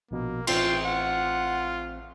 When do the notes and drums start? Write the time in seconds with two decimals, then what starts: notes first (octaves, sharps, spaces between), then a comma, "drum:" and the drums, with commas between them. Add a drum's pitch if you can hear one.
0.11 A#1 B2 A#3
0.47 A1 C4 F4 G5 C6, drum: cymbal
0.85 F4 F#5